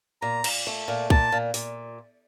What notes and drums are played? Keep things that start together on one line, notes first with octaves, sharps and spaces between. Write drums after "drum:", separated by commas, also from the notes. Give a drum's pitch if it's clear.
A#2 A#5
A#2, drum: cymbal
A3
A#2
A#2 A5, drum: kick
A#2
A#2, drum: open hi-hat